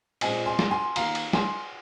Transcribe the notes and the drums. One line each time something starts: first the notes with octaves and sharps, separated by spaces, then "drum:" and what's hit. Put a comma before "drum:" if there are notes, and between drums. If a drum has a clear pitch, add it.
A#2 G#3 C4 D#5 G#5, drum: cymbal
G#5 C6
drum: snare
G#5 C6
D#3 A#3 F5 A#5, drum: cymbal
drum: cymbal
G#5 C6, drum: snare